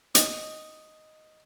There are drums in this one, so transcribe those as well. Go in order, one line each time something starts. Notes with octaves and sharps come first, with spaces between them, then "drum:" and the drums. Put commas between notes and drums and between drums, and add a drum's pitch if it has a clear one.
D#5, drum: hi-hat